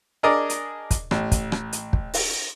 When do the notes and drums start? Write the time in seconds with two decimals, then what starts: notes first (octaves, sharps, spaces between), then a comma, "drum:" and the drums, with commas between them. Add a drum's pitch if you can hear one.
0.23 D4 G#4 A#4 D5 D#5
0.50 drum: hi-hat
0.91 drum: kick, hi-hat
1.11 A1, drum: rim click
1.32 drum: kick, hi-hat
1.52 drum: rim click
1.73 drum: hi-hat
1.93 drum: kick
2.14 drum: open hi-hat